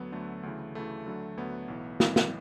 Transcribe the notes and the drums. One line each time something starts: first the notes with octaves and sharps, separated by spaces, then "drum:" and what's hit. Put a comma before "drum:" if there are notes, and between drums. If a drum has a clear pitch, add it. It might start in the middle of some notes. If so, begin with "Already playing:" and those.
Already playing: D2 D3 F#3 B3
D2 D3 F#3 A3
D2 C#3 E3
D2 C#3 E3 A3
D2 D3 F#3
D2 D3 F#3 B3
B1 A2 E3
B1 A2 E3, drum: snare
drum: snare